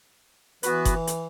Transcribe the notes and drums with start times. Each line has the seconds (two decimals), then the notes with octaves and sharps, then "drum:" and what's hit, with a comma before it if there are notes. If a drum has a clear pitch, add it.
0.63 E3 B3 F#4 B4, drum: hi-hat
0.85 drum: kick F#1, hi-hat
1.07 drum: hi-hat